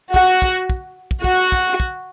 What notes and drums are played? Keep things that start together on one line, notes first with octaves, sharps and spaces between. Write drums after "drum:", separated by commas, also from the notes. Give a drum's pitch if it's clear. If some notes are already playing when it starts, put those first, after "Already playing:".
F#4, drum: kick
drum: kick
drum: kick
drum: kick
F#4, drum: kick
drum: kick
drum: kick